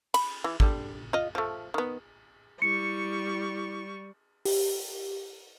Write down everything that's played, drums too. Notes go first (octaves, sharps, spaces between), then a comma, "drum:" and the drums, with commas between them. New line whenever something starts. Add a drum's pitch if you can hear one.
B5, drum: cymbal
E3
D3 G3, drum: kick
F4 D#5
F3 A3
D#3 B3
G3 E4 C#6 C#7
G4, drum: open hi-hat